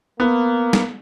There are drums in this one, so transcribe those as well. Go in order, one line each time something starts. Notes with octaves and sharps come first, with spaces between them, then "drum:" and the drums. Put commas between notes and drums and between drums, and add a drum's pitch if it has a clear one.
A#3 B3
drum: snare